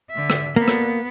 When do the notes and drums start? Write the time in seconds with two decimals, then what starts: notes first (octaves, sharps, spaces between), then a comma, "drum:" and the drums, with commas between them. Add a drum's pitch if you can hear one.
0.11 D3 E5
0.30 drum: rim click
0.56 A#3 B3
0.68 drum: rim click